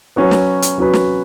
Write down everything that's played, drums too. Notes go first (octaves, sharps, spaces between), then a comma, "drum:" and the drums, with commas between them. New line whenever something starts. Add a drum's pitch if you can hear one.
F#3 C#4 F#4 B4
drum: snare
drum: hi-hat
F#3 C#4 F#4 B4
drum: snare